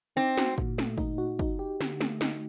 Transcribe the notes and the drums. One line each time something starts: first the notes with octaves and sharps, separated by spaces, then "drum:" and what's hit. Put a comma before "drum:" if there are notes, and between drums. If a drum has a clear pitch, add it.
C4 D#4
F#4, drum: snare
A#2, drum: kick
A3, drum: snare
D#4, drum: kick
F#4
D#4, drum: kick
G4
D3, drum: snare
A3, drum: snare
D#4, drum: snare